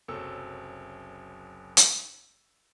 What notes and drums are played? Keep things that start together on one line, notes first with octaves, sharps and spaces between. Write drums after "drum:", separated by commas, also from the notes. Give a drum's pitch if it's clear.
F#1 C2 F#3 C4 A4 E6
drum: hi-hat